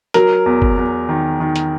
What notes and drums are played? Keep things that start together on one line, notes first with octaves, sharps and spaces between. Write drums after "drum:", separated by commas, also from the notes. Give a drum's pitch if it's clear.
F#3 A#4, drum: hi-hat
E2
drum: kick
E2
D#3
D#3
drum: hi-hat